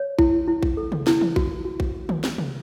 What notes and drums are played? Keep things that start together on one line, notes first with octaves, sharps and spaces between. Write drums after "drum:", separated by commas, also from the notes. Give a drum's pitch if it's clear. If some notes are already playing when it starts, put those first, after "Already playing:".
Already playing: C#5
E4, drum: kick A#1
E4
drum: kick A#1
A4
drum: tom C3
E4, drum: snare
drum: tom D#3
F#4, drum: kick A#1
F#4
drum: kick A#1
drum: tom D3
drum: snare
drum: tom C3